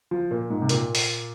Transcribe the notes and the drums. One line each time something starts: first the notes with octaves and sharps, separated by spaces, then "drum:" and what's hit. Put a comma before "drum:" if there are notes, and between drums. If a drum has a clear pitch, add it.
F3
A#2
G#2
C3
A#2, drum: hi-hat
drum: open hi-hat